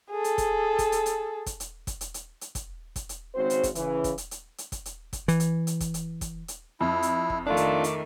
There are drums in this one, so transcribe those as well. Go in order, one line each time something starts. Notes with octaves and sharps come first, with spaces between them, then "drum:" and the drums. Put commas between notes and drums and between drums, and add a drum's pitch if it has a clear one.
G#4 A4
drum: hi-hat
drum: kick, hi-hat
drum: kick, hi-hat
drum: hi-hat
drum: hi-hat
drum: kick, hi-hat
drum: hi-hat
drum: kick, hi-hat
drum: hi-hat
drum: hi-hat
drum: hi-hat
drum: kick, hi-hat
drum: kick, hi-hat
drum: hi-hat
G#1 G#2 C#3 C4 F#4 C5
drum: hi-hat
drum: kick, hi-hat
C#3 E3, drum: hi-hat
drum: kick, hi-hat
drum: hi-hat
drum: hi-hat
drum: hi-hat
drum: kick, hi-hat
drum: hi-hat
drum: kick, hi-hat
E3, drum: hi-hat
drum: hi-hat
drum: hi-hat
drum: kick, hi-hat
drum: hi-hat
drum: kick, hi-hat
drum: hi-hat
F2 E4
drum: hi-hat
drum: kick
D#3 A3 D4 F4 D6
drum: hi-hat
drum: hi-hat